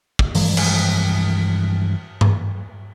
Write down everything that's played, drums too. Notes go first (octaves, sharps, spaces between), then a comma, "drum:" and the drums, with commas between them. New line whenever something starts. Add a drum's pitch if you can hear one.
drum: kick
G2 E3 F3 G#3, drum: open hi-hat
drum: cymbal
drum: tom G2